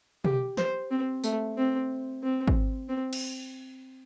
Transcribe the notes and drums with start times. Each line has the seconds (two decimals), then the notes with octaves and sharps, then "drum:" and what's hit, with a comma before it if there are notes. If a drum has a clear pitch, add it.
0.25 G4, drum: tom
0.57 C5, drum: snare
0.91 C4
1.24 A3, drum: tambourine
1.58 C4
2.23 C4
2.48 drum: kick
2.89 C4
3.13 drum: cymbal